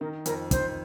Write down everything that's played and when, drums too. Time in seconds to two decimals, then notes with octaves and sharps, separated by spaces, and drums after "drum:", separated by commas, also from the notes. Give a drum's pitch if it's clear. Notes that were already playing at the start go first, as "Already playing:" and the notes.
0.01 D#3 A#4
0.26 F2 A#4, drum: hi-hat
0.51 D#3 C5, drum: kick, hi-hat